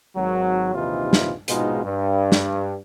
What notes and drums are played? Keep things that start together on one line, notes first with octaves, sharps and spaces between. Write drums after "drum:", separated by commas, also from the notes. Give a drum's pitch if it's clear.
G#1 F#3
A#1 D#2 C3 E3 D#4 F4
drum: snare
A#1 G#2 B2 G#3 D#4 F4, drum: hi-hat
G2
drum: snare